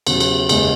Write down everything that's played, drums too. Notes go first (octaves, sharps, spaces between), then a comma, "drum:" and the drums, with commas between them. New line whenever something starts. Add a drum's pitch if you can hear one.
E2 C#3 F#3, drum: cymbal
drum: cymbal
F#1 E2 C#3 G#3, drum: cymbal